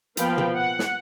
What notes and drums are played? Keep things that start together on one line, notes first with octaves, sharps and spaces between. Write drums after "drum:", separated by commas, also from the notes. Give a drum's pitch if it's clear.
F3 A#3 B3 F5 G5 B5, drum: hi-hat
drum: tom
F#5
drum: snare